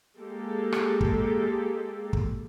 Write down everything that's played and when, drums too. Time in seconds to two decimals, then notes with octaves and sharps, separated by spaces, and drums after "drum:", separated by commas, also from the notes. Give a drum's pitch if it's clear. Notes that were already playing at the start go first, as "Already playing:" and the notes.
0.16 G#3 A#3 G4 A4
0.72 drum: rim click
1.01 drum: kick
2.13 drum: kick